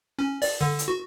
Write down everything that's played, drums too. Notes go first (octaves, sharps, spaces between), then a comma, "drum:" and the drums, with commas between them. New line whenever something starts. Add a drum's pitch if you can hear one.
C#4
D5, drum: open hi-hat
D3
drum: hi-hat
F#4